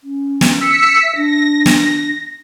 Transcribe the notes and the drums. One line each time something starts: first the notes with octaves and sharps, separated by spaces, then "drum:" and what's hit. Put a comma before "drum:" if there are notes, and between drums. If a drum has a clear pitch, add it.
C#4
drum: snare
E6 B6 C#7
E5
D4 A#6
drum: snare